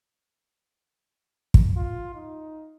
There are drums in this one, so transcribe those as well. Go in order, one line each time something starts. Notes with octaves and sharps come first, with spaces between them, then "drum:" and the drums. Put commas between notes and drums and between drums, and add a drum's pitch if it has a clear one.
drum: kick
F4
D#4